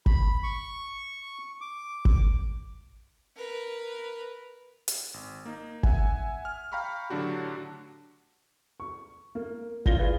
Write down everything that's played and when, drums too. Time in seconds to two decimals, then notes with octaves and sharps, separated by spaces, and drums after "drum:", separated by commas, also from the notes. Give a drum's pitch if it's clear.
0.06 B5, drum: kick G#1
0.43 C#6
1.61 D6
2.05 drum: kick G#1
3.36 A#4 B4
4.88 drum: hi-hat
5.14 G#1
5.46 A#3 D#4
5.83 E5 F#5 G#5, drum: kick G#1
6.45 F6
6.72 F5 G5 A#5 B5 C#6 F6
7.10 A2 D3 F#3 D4 F#4 G4
8.80 C#6
9.35 A#3
9.86 A1 F4 C#5 D5 A#6 G7, drum: kick G#1
9.99 F4 G#4 B4 D5